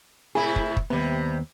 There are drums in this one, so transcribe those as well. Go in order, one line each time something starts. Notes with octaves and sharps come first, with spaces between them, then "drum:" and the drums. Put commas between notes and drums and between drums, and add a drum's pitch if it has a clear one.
A2 C3 E4 G#4
drum: kick
drum: kick
D#2 C3 G3 B3